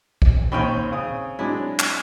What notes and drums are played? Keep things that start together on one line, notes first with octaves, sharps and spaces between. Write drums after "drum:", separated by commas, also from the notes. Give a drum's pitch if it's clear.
drum: kick
D#2 D#3 C4 C#4 G5 B5
C#3 D#6
F#3 G#3 D4 E4
drum: clap